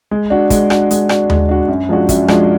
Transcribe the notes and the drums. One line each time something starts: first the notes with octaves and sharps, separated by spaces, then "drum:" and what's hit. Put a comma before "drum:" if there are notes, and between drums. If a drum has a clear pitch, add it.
G#3
D4 F#4
G#3, drum: kick, hi-hat
D4 F#4, drum: rim click
G#3, drum: hi-hat
D4 F#4, drum: rim click
G#3, drum: tom D#2
D4 F#4
F#2
F3 G#3 D4 F#4
F#2, drum: kick, hi-hat
F3 G#3 D4 F#4, drum: rim click